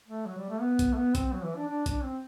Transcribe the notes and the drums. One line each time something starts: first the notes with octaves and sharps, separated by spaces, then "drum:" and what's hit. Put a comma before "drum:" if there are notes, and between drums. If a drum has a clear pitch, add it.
A3
F#3
G3
A3
B3
drum: kick B1, hi-hat
A3
B3
C4, drum: kick B1, hi-hat
F#3
E3
D4
D4
D4, drum: kick B1, hi-hat
C4